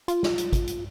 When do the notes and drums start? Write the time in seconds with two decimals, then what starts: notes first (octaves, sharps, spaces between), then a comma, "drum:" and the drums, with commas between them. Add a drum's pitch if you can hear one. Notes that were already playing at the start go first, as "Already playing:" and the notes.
0.08 F4, drum: hi-hat
0.23 drum: snare
0.38 drum: hi-hat
0.53 drum: kick, hi-hat
0.67 drum: hi-hat